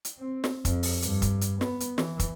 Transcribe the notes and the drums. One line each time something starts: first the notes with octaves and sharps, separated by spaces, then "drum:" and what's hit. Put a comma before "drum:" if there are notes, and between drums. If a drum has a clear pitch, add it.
drum: hi-hat
C4
drum: snare
F2, drum: kick, hi-hat
drum: open hi-hat
G2, drum: hi-hat
drum: kick, hi-hat
drum: hi-hat
B3, drum: snare
drum: hi-hat
E3, drum: snare
drum: kick, hi-hat